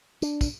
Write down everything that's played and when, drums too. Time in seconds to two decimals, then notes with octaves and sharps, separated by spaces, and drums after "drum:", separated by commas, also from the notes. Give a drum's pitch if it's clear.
0.22 D4, drum: tambourine
0.41 drum: kick, tambourine